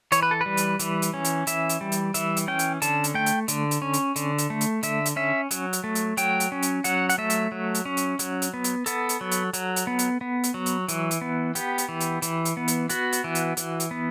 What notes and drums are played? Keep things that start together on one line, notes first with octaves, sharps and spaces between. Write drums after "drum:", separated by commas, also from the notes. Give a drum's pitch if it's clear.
E3 C#5, drum: hi-hat
B4
A4
B4
G3
drum: hi-hat
E3, drum: hi-hat
drum: hi-hat
C#4
drum: hi-hat
E3 E5, drum: hi-hat
drum: hi-hat
G3
drum: hi-hat
E3 E5, drum: hi-hat
drum: hi-hat
C#4 G5
drum: hi-hat
D3 A5, drum: hi-hat
drum: hi-hat
A3 G5
drum: hi-hat
D3, drum: hi-hat
drum: hi-hat
C#4
drum: hi-hat
D3, drum: hi-hat
drum: hi-hat
A3
drum: hi-hat
D3 E5, drum: hi-hat
drum: hi-hat
C#4 E5
F#3, drum: hi-hat
drum: hi-hat
A3
drum: hi-hat
F#3 G5, drum: hi-hat
drum: hi-hat
C#4
drum: hi-hat
F#3 F#5, drum: hi-hat
F#5, drum: hi-hat
A3 E5
drum: hi-hat
F#3
drum: hi-hat
C#4
drum: hi-hat
F#3, drum: hi-hat
drum: hi-hat
B3
drum: hi-hat
B3 A4, drum: hi-hat
drum: hi-hat
F#3
drum: hi-hat
F#3, drum: hi-hat
drum: hi-hat
B3
drum: hi-hat
B3
drum: hi-hat
F#3
drum: hi-hat
E3, drum: hi-hat
drum: hi-hat
B3
B3 G4, drum: hi-hat
drum: hi-hat
E3
drum: hi-hat
E3, drum: hi-hat
drum: hi-hat
B3
drum: hi-hat
B3 F#4, drum: hi-hat
drum: hi-hat
E3
drum: hi-hat
E3, drum: hi-hat
drum: hi-hat
B3